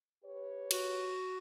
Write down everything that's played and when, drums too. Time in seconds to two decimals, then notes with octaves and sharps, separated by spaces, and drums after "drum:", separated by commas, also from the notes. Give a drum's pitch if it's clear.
0.24 G4 B4 C#5
0.71 F#4, drum: cymbal